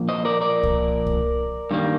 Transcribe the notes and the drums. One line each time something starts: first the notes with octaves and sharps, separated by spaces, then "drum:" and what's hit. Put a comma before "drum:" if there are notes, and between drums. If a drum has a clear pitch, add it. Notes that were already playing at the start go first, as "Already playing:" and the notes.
Already playing: A#2 F3 A#3
C5 D#5
A#4 D5
A#4 D5
drum: kick C2
drum: kick C2
G2 D#3 G3 A#3